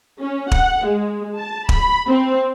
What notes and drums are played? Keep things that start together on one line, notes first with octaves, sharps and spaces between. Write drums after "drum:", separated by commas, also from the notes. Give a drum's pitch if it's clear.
C#4
F#5, drum: kick
G#3
A5
B5, drum: kick
C4